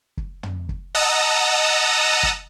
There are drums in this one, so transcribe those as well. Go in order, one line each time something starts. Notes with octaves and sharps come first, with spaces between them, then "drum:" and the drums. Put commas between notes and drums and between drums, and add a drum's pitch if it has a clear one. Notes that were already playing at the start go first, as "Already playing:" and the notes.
drum: kick
drum: tom
drum: kick
D#5 F#5 A5 A#5 D#6 E6
drum: kick